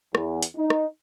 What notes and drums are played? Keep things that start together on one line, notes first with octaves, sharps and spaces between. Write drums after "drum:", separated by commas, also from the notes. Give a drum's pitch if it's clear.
E2, drum: rim click
drum: hi-hat
D#4
drum: rim click